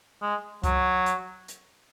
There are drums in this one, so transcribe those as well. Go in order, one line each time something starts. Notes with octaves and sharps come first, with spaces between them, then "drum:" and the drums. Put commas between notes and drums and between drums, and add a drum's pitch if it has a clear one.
G#3
F#3, drum: kick C2, hi-hat
drum: hi-hat
drum: hi-hat